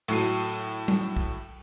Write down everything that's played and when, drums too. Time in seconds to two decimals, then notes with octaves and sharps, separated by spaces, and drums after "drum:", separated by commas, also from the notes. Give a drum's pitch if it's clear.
0.08 A2 F#3 C7 D#7, drum: cymbal
0.88 drum: tom F#3
1.17 drum: kick